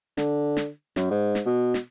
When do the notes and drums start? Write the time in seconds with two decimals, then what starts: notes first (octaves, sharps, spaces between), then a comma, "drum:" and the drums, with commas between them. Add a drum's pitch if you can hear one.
0.17 D3, drum: snare
0.57 drum: snare
0.96 F#2, drum: snare
1.11 G#2
1.35 drum: snare
1.46 B2
1.74 drum: snare